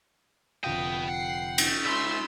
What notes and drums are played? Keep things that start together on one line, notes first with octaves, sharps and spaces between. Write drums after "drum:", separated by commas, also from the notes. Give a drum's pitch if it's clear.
F1 D3 B3 F4 D#5 G5
F#5 C7
drum: cymbal
C#2 E5 B5 C6 E6